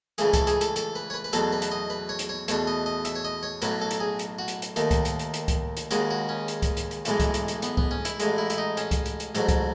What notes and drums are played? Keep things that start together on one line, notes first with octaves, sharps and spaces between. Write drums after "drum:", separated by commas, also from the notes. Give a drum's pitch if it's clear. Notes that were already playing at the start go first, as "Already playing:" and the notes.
C#2 C#3 E3 A3 G#4, drum: hi-hat
A4, drum: kick C2, hi-hat
G#4, drum: hi-hat
A4, drum: hi-hat
A4, drum: hi-hat
B4
C#5
B4
B4
E2 B2 F#3 A3 A4, drum: hi-hat
B4
drum: hi-hat
D#5
B4
C#5
drum: hi-hat
C#5
E2 B2 A3 C#5, drum: hi-hat
D#5
D#5
E5, drum: hi-hat
C#5
D#5
C#5
B1 A2 F#3 A3 B4, drum: hi-hat
A4
drum: hi-hat
G#4
drum: hi-hat
F#4
drum: hi-hat
drum: hi-hat
D#2 D#3 A3, drum: hi-hat
drum: kick C2, hi-hat
drum: hi-hat
drum: hi-hat
drum: hi-hat
drum: kick C2, hi-hat
drum: hi-hat
D#2 C#3 G#3 F#4, drum: hi-hat
F#4
C#4
drum: hi-hat
drum: kick C2, hi-hat
drum: hi-hat
drum: hi-hat
B1 A2 E3 G#3, drum: hi-hat
drum: kick C2, hi-hat
drum: hi-hat
drum: hi-hat
B3, drum: hi-hat
B3, drum: kick C2
C#4
E4, drum: hi-hat
A1 A2 G#3, drum: hi-hat
E4
E4, drum: hi-hat
D#4
C#4, drum: hi-hat
drum: kick C2, hi-hat
drum: hi-hat
drum: hi-hat
A1 G#2 F#3 A3, drum: hi-hat
drum: kick C2, hi-hat